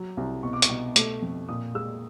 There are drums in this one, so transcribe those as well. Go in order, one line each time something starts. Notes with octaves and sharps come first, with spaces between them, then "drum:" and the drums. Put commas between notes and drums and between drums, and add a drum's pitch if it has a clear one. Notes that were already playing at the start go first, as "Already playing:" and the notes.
Already playing: F#3
C2
B2 C#6
D6
C#6, drum: hi-hat
B2
A3 D6, drum: hi-hat
F2
A#2 D#6
G#3 E6